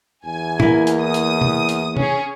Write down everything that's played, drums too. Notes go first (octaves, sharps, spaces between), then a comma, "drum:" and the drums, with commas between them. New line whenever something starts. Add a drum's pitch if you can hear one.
E2 G#5
A#3 E4, drum: tom
drum: hi-hat
D#6
drum: hi-hat
drum: tom
drum: hi-hat
C#4 G#4, drum: tom